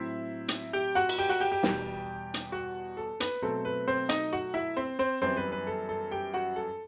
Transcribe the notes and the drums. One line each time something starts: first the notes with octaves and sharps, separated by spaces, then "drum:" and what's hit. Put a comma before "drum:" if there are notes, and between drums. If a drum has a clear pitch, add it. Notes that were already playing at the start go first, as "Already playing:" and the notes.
Already playing: A2 F#3 C4 E4 E5
drum: hi-hat
G4 G5
F#4 F#5
drum: cymbal
G4 G5
F#4 F#5
G4 G5
G4 G5
E2 B2 G3, drum: snare
drum: hi-hat
F#4 F#5
A4
B4, drum: hi-hat
B2 F#3 A3 C4 A4
B4
C4 C5
D#4 D#5, drum: hi-hat
F#4 F#5
E4 E5
C4 C5
C4 C5
F#2 E3 G3 B3 C4 C5
B4
B4
A4
A4
G4 G5
F#4 F#5
A4